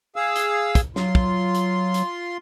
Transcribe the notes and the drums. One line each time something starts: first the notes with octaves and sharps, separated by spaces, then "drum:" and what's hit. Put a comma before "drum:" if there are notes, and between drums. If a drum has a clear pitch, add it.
G#4 F5 E6
drum: hi-hat
drum: kick, hi-hat
F#3 F4 C6, drum: snare
drum: kick
drum: hi-hat
drum: hi-hat